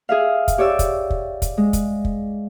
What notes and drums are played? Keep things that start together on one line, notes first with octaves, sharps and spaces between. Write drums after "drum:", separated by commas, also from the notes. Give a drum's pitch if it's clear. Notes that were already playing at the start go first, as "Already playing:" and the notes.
G#4 E5 F5
drum: kick, hi-hat
G4 C#5 D5 E6
drum: kick, hi-hat
drum: kick
drum: kick, hi-hat
G#3
drum: kick, hi-hat
drum: kick